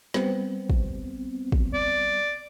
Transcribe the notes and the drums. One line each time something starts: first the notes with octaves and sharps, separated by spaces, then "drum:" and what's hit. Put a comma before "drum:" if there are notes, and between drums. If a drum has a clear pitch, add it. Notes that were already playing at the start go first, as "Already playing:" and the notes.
G3 B3 C4, drum: snare
drum: kick
drum: kick
D5